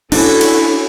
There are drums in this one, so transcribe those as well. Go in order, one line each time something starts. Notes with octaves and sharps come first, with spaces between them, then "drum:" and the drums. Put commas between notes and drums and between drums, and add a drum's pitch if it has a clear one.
C#4 D4 E4 F#4 A4, drum: cymbal
drum: cymbal